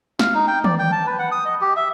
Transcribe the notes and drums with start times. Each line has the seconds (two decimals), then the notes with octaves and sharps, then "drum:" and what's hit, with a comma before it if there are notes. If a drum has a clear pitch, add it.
0.19 F5, drum: snare
0.34 D#4
0.47 G5
0.64 D5, drum: tom
0.79 G5
0.92 A5
1.07 B4
1.19 F#5
1.32 D#6
1.45 D#5
1.61 G4
1.76 E5